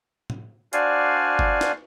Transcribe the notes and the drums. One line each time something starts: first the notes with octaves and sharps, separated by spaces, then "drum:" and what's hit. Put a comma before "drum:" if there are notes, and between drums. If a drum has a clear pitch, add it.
drum: tom
D4 F#4 C5 D5 F5 G#5, drum: hi-hat
drum: kick
drum: snare